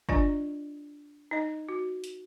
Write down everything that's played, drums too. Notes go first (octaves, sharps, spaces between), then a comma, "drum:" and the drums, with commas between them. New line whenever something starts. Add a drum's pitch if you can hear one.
D4 F4 D5 D#5 G#5 A#5, drum: kick
D#4 D#5
F#4
drum: hi-hat